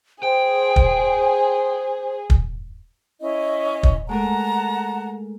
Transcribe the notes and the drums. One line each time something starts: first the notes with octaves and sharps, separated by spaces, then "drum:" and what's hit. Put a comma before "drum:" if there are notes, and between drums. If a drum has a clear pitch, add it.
G#4 C5 G5
drum: kick
drum: kick
C#4 E4 D#5
drum: kick
G#3 A3 A#4 F#5 A5 A#5